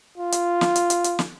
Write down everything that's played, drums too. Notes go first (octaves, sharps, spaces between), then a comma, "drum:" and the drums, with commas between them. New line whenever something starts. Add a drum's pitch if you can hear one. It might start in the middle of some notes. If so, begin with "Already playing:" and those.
F4
drum: hi-hat
drum: snare
drum: hi-hat
drum: hi-hat
drum: hi-hat
drum: snare